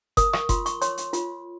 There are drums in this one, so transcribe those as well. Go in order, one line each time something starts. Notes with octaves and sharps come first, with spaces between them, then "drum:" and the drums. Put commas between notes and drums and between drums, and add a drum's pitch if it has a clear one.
A#4 D#6, drum: kick F#1, hi-hat
C#6, drum: rim click
F4 C6, drum: kick F#1, hi-hat
C#6, drum: hi-hat
C#5 C6, drum: hi-hat
drum: hi-hat
F4, drum: hi-hat